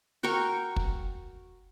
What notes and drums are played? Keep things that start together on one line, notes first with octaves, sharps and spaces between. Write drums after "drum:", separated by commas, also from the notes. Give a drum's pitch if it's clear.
F#4 A#4 G5 C#6
drum: kick